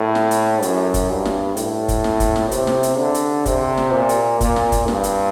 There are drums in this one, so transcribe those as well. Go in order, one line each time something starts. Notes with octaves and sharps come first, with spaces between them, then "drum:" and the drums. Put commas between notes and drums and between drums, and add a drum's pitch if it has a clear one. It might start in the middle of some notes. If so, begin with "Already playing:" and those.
Already playing: A2
drum: snare
drum: hi-hat
F#2, drum: hi-hat
drum: kick, hi-hat
G2
drum: snare
A2, drum: hi-hat
drum: kick, hi-hat
drum: snare
drum: kick, hi-hat
drum: snare
C3, drum: hi-hat
drum: snare
drum: hi-hat
D3
drum: hi-hat
C3, drum: kick, hi-hat
drum: snare
A#2
drum: hi-hat
A#2, drum: kick, hi-hat
drum: snare
drum: kick, hi-hat
G2, drum: snare
drum: hi-hat